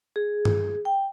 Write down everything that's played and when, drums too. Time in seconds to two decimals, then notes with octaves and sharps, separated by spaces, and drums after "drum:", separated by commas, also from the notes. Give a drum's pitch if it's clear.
0.16 G#4
0.45 drum: tom G2
0.85 G5